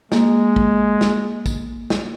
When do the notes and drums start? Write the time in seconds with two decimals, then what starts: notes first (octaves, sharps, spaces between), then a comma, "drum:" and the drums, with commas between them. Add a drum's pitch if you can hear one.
0.12 G#3 A#3, drum: snare
0.56 drum: kick
1.01 drum: snare
1.46 drum: kick, tambourine
1.90 drum: snare